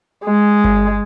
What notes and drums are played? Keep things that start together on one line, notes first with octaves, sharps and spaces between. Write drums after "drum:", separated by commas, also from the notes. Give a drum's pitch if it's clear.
G#3
drum: kick G1